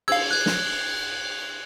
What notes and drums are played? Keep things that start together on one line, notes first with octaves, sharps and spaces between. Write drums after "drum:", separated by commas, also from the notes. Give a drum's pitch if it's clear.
F5 E6 G#6, drum: cymbal
F#6 G#6
drum: snare